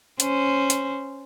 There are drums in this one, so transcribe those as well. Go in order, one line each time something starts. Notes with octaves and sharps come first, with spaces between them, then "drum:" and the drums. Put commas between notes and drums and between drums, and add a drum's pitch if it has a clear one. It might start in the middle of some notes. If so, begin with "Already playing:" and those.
C#4 C5, drum: hi-hat
drum: hi-hat